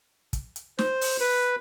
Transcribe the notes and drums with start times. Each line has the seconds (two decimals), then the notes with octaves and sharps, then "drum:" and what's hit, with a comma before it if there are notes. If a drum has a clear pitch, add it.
0.33 drum: kick, hi-hat
0.56 drum: hi-hat
0.79 C5, drum: snare
1.01 drum: open hi-hat
1.20 B4